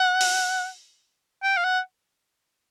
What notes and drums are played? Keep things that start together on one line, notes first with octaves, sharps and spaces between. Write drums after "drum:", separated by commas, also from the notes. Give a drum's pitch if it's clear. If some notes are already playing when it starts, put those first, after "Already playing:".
Already playing: F#5
drum: open hi-hat
G5
F5
F#5